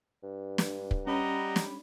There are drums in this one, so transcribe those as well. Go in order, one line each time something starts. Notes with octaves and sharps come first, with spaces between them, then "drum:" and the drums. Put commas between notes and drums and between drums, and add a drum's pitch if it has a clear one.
G2
drum: snare
drum: kick
G3 C#4 D#5 F#5 A#5 B5
drum: snare